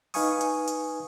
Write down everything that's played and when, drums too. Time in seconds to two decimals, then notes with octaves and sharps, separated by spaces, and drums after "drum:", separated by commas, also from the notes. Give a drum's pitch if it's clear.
0.14 D#4 B4 F5 G#5 C#6 D#6, drum: open hi-hat
0.41 drum: hi-hat
0.68 drum: hi-hat